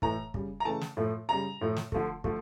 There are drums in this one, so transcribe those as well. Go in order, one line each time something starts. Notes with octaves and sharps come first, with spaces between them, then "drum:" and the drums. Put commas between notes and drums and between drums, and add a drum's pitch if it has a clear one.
A2 E3 A3 A#5, drum: kick
C#3 G3, drum: kick
A#5
C#3 E3 A3 A5
drum: snare
A2 F3 A3
C#3 G3 A#5
A2 F3 A3
drum: snare
D3 F3 A3, drum: kick
D3 F3 A3, drum: kick